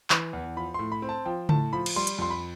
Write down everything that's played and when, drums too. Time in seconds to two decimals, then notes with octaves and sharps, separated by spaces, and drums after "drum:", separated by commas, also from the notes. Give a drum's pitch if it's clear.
0.10 E3, drum: clap
0.33 E2
0.56 F3 B5
0.74 A2 C6
0.92 B5
1.02 C4
1.09 A5
1.25 F3 G5
1.49 A2 A5, drum: tom C#3
1.73 F3 B5
1.86 drum: cymbal
1.96 G3 C6
2.07 drum: hi-hat
2.18 F2 C6
2.30 B5